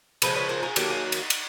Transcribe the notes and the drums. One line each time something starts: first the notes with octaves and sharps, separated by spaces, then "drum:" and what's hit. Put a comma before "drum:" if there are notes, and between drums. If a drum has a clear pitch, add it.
C#3 F3 G#3 A4 B4, drum: cymbal
B4 C#5
A#4 C5
G#4 A#4
D#3 F#3 A#3 G4 A4, drum: cymbal
G#4 A#4
drum: cymbal
drum: cymbal